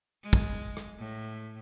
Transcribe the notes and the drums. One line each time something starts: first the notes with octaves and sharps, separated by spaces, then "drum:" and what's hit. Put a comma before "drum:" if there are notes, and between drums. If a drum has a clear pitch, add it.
G#3
drum: kick
drum: rim click
A2